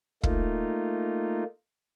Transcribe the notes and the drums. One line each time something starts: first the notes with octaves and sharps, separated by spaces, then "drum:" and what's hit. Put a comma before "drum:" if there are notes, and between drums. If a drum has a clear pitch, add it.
A3 A#3 D#4 F4, drum: kick